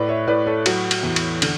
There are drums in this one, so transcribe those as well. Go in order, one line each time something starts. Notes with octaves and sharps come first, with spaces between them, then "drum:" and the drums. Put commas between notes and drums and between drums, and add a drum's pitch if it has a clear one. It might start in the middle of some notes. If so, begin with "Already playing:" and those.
Already playing: A2 B4 D5
C#5 E5
A2 B4 D5
A4 C#5
F#3 F#4, drum: cymbal
drum: cymbal
E2
drum: cymbal
D3, drum: cymbal